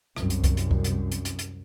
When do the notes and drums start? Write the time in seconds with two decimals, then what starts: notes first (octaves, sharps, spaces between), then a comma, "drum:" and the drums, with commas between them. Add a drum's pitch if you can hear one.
0.16 C2 F#2, drum: rim click
0.30 drum: hi-hat
0.44 drum: kick C2, hi-hat
0.57 drum: hi-hat
0.71 drum: kick C2
0.84 drum: hi-hat
1.12 drum: hi-hat
1.25 drum: hi-hat
1.39 drum: hi-hat